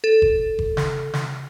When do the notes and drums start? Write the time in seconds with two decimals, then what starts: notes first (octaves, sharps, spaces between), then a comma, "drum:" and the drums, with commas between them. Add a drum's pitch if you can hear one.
0.04 A4
0.22 drum: kick F#1
0.59 drum: kick F#1
0.77 drum: snare
1.14 drum: snare